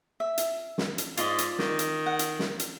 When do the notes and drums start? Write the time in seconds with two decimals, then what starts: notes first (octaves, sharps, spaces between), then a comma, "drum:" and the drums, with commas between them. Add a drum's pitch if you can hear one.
0.20 E5
0.38 drum: hi-hat
0.78 drum: snare
0.98 drum: hi-hat
1.17 G#2 F4 D5 D#5, drum: hi-hat
1.38 drum: hi-hat
1.59 D#3, drum: snare
1.79 drum: hi-hat
2.06 F#5
2.19 drum: hi-hat
2.39 drum: snare
2.60 drum: hi-hat